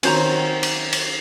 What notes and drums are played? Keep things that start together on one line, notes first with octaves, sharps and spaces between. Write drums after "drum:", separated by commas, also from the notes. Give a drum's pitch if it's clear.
D#3 F#3 C4 C#4 C5 A#5, drum: cymbal
drum: cymbal
drum: cymbal